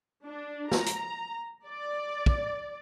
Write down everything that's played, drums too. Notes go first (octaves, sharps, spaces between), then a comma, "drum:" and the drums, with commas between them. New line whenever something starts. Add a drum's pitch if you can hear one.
D4
A#5, drum: snare
drum: hi-hat
D5
drum: kick